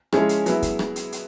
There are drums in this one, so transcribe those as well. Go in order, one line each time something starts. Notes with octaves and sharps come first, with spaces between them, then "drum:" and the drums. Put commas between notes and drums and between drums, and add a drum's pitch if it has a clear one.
F3 G#3 C#4 E4 G#4, drum: rim click
drum: hi-hat
F#3 B3 E4, drum: hi-hat
drum: kick, hi-hat
drum: rim click
drum: hi-hat
drum: hi-hat